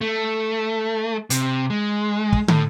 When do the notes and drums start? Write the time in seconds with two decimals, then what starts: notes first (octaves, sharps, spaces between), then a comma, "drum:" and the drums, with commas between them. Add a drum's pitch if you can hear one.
0.01 A3
1.30 C3, drum: hi-hat
1.70 G#3
2.33 drum: kick
2.48 A2, drum: tom